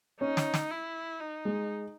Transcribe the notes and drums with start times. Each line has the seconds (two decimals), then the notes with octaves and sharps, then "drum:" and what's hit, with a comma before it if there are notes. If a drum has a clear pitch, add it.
0.20 C#4 D#4
0.37 drum: snare
0.54 drum: snare
0.70 E4
1.20 D#4
1.45 G#3